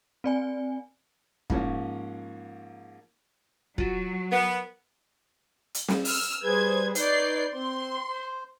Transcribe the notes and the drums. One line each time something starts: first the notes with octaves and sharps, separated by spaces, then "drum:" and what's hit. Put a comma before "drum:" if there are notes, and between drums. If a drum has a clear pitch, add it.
C4 D5 G#5
G#2 F3 A#3 C#4, drum: kick
F#3 F4 F#4, drum: kick
B3 A#4
drum: hi-hat
drum: snare
E6 F6, drum: open hi-hat
G3 G#4 B4 C5 G#6
D#4 B4 C#5 D5 G6 C7, drum: hi-hat
C4 C5 C6
C5